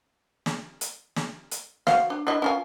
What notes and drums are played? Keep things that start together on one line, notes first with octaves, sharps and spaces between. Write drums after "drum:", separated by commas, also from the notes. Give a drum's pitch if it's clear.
drum: snare
drum: hi-hat
drum: snare
drum: hi-hat
F#4 C5 F5, drum: snare
D4
D4 E4 D#5
C#4 F4 G#5